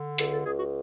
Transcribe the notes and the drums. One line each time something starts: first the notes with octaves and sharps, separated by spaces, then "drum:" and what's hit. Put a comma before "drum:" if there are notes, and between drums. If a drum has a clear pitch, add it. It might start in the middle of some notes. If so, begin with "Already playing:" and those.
Already playing: D3
C#2 A4, drum: hi-hat
A4
C#2 G#4
F#4